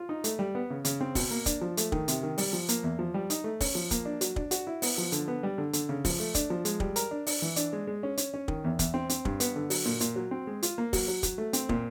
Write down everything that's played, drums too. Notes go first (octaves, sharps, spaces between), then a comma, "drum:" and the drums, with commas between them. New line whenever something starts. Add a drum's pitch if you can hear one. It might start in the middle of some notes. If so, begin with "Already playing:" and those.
Already playing: F4
D#4
A3, drum: hi-hat
G3
B3
C#3
C#3, drum: hi-hat
C4
B2, drum: kick, open hi-hat
A#3
D4, drum: kick, hi-hat
F3
A3, drum: hi-hat
D#3, drum: kick
C3, drum: hi-hat
D#3
G3, drum: open hi-hat
F3
A#3, drum: hi-hat
E2
F3
G3
D#4, drum: hi-hat
A3
C#4, drum: kick, open hi-hat
F3
A#3, drum: kick, hi-hat
D4
F#3, drum: hi-hat
D4, drum: kick
F#4, drum: hi-hat
E4
B3, drum: open hi-hat
F3
D3, drum: hi-hat
B3
G3
D3
D3, drum: hi-hat
C#3
F3, drum: kick, open hi-hat
A3
D4, drum: kick, hi-hat
F3
G#3, drum: hi-hat
G3, drum: kick
A#4, drum: hi-hat
D4
D4, drum: open hi-hat
E3
D4, drum: hi-hat
G#3
G#3
C#4
C#4, drum: hi-hat
C#4
D#3, drum: kick
E2
E2, drum: kick, hi-hat
C4
C4, drum: hi-hat
G2, drum: kick
B3, drum: hi-hat
D3
F#3, drum: open hi-hat
A#2
A#2, drum: hi-hat
F#3
C4
G#3
F4, drum: hi-hat
A#3
F#3, drum: kick, open hi-hat
F#3
F#3, drum: kick, hi-hat
A3
C4, drum: hi-hat
A#2, drum: kick